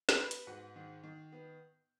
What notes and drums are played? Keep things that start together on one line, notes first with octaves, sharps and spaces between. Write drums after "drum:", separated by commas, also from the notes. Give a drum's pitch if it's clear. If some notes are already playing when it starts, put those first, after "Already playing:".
drum: snare
B3 B4 B5
drum: hi-hat
G#2 F#4 F#5
D#3
D#3
B3